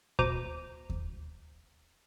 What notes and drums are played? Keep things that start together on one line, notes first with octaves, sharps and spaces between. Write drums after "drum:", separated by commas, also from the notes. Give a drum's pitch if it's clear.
B2 C5 A#5 D6 D#7, drum: kick D#2
drum: kick D#2